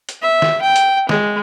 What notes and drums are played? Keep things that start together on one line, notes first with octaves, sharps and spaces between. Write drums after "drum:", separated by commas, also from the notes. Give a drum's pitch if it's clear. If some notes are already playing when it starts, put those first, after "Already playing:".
drum: hi-hat
E5
drum: snare
G5
drum: hi-hat
G#3, drum: snare